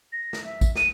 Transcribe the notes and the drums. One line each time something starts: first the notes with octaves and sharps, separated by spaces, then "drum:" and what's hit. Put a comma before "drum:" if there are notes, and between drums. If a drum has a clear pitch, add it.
A#6
drum: snare
E5
drum: kick G#1, tambourine
D#7, drum: snare